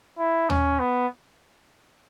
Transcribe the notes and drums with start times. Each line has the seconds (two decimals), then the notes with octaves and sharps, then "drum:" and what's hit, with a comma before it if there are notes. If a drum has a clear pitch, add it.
0.19 E4
0.50 C#4, drum: tom D#2
0.80 B3